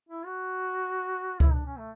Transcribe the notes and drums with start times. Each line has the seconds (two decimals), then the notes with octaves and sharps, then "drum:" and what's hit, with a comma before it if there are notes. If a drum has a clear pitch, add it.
0.09 E4
0.26 F#4
1.40 E4, drum: kick C#2
1.53 D4
1.66 C#4
1.78 A3